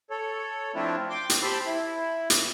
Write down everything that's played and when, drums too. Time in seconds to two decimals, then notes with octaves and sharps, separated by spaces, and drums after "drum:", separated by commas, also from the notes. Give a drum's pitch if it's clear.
0.10 A4 C#5
0.75 F3 A3 C4 D4 E4 F4
1.10 G5 C6 D6
1.30 drum: hi-hat
1.43 G4 C5 A5 B5 C6 E6
1.66 E4
2.30 drum: hi-hat